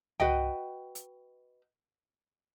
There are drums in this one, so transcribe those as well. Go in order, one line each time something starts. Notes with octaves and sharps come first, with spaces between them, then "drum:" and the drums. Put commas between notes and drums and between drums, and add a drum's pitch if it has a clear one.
F#4 B4 D#5 G5, drum: tom
drum: hi-hat